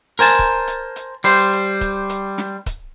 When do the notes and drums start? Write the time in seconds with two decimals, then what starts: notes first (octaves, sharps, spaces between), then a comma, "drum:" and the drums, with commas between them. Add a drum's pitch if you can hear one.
0.19 A#4 C5 G#5 A5
0.39 drum: kick
0.67 drum: hi-hat
0.96 drum: hi-hat
1.24 G3 C5, drum: open hi-hat
1.53 drum: hi-hat
1.81 drum: kick, hi-hat
2.09 drum: hi-hat
2.38 drum: snare
2.66 drum: kick, hi-hat